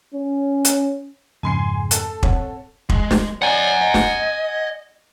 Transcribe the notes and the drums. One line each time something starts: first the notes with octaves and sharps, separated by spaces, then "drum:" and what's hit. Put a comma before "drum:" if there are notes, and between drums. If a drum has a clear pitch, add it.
C#4
drum: hi-hat
F2 G#2 C#3 G#5 C6 C7
A4, drum: hi-hat
C4 C#5 F#5, drum: kick
G#3, drum: kick
drum: snare
D5 D#5 F#5 G#5
D#5
drum: snare